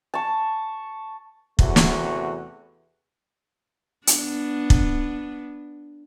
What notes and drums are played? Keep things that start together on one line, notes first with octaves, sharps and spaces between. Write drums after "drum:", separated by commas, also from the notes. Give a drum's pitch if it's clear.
A5 C#6
E2 C3 A3 F#4, drum: kick
drum: snare
B3 D4, drum: hi-hat
drum: kick